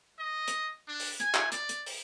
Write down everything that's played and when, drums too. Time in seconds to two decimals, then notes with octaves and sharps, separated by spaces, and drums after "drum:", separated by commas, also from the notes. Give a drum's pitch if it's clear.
0.19 D#5
0.48 drum: hi-hat
0.88 D4
1.00 drum: open hi-hat
1.20 G#5, drum: hi-hat
1.34 drum: clap
1.52 D5, drum: hi-hat
1.69 drum: hi-hat
1.86 drum: open hi-hat